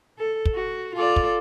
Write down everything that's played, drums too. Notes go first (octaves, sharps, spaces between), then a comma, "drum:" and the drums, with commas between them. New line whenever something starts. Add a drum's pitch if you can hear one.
A4
drum: kick
F#4
F4 A4 D5
drum: kick